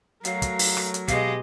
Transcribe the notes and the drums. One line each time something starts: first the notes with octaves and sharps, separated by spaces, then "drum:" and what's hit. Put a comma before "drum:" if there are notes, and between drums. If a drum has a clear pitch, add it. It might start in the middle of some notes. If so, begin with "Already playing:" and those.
F#3 A3 A#4 F5, drum: hi-hat
drum: kick, hi-hat
drum: open hi-hat
drum: rim click
drum: hi-hat
B2 G#3 G4 D#5 F5, drum: kick, hi-hat